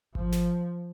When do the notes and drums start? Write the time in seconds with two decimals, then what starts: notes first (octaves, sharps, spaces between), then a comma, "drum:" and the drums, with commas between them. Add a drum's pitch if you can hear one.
0.15 F3, drum: kick G#1
0.33 drum: snare